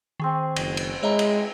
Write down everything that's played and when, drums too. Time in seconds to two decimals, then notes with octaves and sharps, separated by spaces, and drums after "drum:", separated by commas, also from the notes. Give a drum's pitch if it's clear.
0.20 D#3 C4 G#4 C#6
0.56 F#1, drum: cymbal
0.77 drum: cymbal
1.03 G#3 E4 G#4 C#5 D#5 A#5
1.19 drum: cymbal